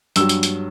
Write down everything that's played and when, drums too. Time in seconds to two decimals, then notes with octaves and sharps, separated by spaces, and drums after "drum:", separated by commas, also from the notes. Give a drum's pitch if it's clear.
0.16 G2 F#3 E6, drum: hi-hat
0.29 drum: hi-hat
0.43 drum: hi-hat